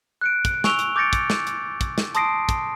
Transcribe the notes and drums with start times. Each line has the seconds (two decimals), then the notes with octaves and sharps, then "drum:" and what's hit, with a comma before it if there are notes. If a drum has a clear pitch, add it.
0.21 F#6 C#7 D7
0.45 drum: kick, hi-hat
0.64 G#5 C#6 E6 D7 F7 G7, drum: snare
0.79 drum: hi-hat
0.96 D6 G6 A6 A#6 C#7 D7
1.13 drum: kick, hi-hat
1.30 drum: snare
1.47 drum: hi-hat
1.81 drum: kick, hi-hat
1.98 drum: snare
2.15 A5 C6 D#6 A#6 C7 D7, drum: hi-hat
2.49 drum: kick, hi-hat